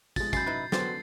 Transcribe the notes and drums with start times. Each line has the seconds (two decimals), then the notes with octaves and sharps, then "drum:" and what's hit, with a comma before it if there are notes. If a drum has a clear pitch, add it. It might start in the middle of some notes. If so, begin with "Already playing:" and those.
0.16 F3 G#3 A6, drum: kick, tambourine
0.33 F#2 G#3 B5 G6 A6 C7, drum: kick, tambourine
0.46 D#4 E4 B4
0.72 D3 F#3 B3 G4 C5 A6, drum: snare